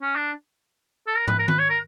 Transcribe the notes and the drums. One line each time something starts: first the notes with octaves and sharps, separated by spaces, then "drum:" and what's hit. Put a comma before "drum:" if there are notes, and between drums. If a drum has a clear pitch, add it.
C#4
D4
A4
A#4
B4, drum: tom
A#4
B4, drum: tom D#3
C#5
A#4